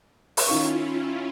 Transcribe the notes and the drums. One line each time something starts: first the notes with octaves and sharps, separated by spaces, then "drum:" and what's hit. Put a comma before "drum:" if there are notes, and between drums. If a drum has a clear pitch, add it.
drum: open hi-hat
D#3 C#4 E4 F4 F5 C#6